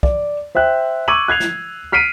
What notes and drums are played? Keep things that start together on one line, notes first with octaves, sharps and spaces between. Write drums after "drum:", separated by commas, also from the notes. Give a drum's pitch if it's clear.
D5, drum: kick
C5 E5 G5 F#6
C#6 D6 E6 G#6 D#7 F#7
F#6 G#6 C7 F7
drum: snare
F6 B6 C7 D7 D#7